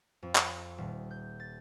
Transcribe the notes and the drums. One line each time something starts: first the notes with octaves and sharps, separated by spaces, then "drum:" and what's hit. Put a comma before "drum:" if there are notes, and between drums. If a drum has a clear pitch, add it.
F2
drum: clap
D#1
G6
A6